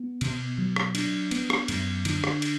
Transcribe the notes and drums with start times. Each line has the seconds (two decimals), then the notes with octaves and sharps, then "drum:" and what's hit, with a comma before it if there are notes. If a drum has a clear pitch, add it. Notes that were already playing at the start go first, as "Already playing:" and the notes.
Already playing: B3
0.21 B2, drum: cymbal
0.58 F#3
0.76 drum: rim click
0.95 D4, drum: cymbal
1.31 B3, drum: cymbal
1.50 drum: rim click
1.68 F#2, drum: cymbal
2.05 D3, drum: cymbal
2.24 drum: rim click
2.42 drum: cymbal